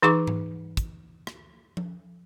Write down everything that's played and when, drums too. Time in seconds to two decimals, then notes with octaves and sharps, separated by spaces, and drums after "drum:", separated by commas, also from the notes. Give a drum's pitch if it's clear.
0.02 E3 D#4 G#4 C#6 D6
0.27 drum: tom G#2
0.77 drum: kick, hi-hat
1.27 drum: rim click
1.77 drum: tom F3